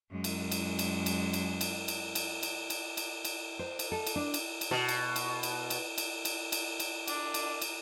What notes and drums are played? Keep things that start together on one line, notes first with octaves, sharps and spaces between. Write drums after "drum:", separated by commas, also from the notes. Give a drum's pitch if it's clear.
F#2 G#3
drum: cymbal
drum: cymbal
drum: cymbal
drum: cymbal
drum: cymbal
drum: cymbal
drum: cymbal
drum: cymbal
drum: cymbal
drum: cymbal
drum: cymbal
drum: cymbal
C5
drum: cymbal
A4
drum: cymbal
D4
drum: cymbal
drum: cymbal
B2
drum: cymbal
drum: cymbal
drum: cymbal
drum: cymbal
drum: cymbal
drum: cymbal
drum: cymbal
drum: cymbal
D4, drum: cymbal
drum: cymbal
drum: cymbal